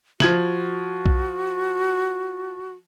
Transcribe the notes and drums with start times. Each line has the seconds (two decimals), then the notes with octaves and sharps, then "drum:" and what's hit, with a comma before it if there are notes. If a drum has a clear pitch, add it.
0.20 F3 F#4 G#6 F#7, drum: snare
1.06 drum: kick B1